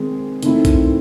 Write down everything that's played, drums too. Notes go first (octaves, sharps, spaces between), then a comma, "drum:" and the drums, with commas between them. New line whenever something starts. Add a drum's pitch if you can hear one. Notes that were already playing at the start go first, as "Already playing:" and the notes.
Already playing: D#3 G#3 C4 D#4
D#3 A3 C4 E4, drum: hi-hat
drum: kick, hi-hat